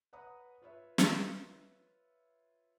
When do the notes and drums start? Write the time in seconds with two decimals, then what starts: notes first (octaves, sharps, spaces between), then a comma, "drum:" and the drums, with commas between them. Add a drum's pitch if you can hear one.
0.13 B4 C#5 F#5 A#5 B5 D#6
0.62 F4 B4 C#5 E5
0.98 drum: snare